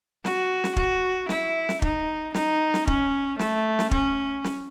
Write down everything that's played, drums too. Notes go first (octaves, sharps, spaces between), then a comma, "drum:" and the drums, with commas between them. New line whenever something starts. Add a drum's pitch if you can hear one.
F#4, drum: snare
drum: snare
F#4, drum: kick
E4, drum: snare
drum: snare
D#4, drum: kick
D#4, drum: snare
drum: snare
C#4, drum: kick
A3, drum: snare
drum: snare
C#4, drum: kick
drum: snare